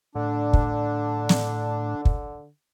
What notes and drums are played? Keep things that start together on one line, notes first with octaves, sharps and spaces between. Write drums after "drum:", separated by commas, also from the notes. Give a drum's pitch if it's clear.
A2 D3 D4
drum: kick
drum: snare
drum: kick